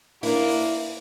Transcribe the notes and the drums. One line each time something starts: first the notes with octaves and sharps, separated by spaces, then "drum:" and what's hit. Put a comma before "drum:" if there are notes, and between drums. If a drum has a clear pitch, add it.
A#3 D4 E4, drum: open hi-hat
drum: open hi-hat